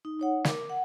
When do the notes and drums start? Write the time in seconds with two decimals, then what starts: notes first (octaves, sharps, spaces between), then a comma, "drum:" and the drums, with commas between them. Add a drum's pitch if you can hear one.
0.05 D#4
0.20 D#4 C#5 F#5
0.44 A#4 D6, drum: snare
0.70 F#5